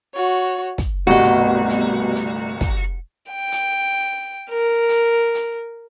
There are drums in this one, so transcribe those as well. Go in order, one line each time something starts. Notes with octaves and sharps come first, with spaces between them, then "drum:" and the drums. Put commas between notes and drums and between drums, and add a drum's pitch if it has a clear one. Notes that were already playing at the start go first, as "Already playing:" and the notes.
F#4 C#5
drum: kick, hi-hat
G1 C2 B2 G3 A3 F#4 D#5
drum: hi-hat
drum: hi-hat
drum: hi-hat
drum: kick, hi-hat
G5
drum: hi-hat
A#4
drum: hi-hat
drum: hi-hat